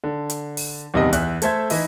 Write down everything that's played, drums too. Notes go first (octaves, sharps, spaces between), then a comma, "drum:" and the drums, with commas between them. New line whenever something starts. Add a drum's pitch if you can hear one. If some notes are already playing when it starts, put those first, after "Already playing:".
D3
drum: hi-hat
drum: open hi-hat
E2 G2 C3 D#3 B3 D#5
E2 E5 F#6, drum: hi-hat
A3 A4 C5 E5 G#6, drum: hi-hat
E3 D#4 E5, drum: open hi-hat